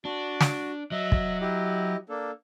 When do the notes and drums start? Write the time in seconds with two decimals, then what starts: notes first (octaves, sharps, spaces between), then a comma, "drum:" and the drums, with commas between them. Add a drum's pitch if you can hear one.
0.05 D4 F#4
0.41 drum: snare
0.92 F#3 D#5 E5
1.12 drum: kick
1.41 E4 G4 D#5
2.09 A#3 D4 A4